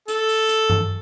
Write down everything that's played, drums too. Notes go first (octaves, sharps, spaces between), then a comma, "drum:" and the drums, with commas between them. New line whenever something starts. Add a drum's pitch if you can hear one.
A4, drum: hi-hat
drum: open hi-hat
drum: hi-hat
drum: tom G2